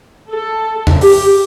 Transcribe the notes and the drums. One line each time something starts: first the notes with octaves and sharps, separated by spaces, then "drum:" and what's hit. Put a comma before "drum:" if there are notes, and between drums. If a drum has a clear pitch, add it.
A4
drum: tom E2
G4, drum: open hi-hat